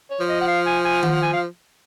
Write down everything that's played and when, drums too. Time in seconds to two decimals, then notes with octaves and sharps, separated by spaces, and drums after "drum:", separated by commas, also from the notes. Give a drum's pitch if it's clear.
0.11 C#5
0.20 F3
0.28 D#5
0.41 F#5
0.48 F5
0.66 G#5
0.85 G#5
1.03 F#5, drum: tom D#3
1.15 F#5
1.22 G#5
1.33 F5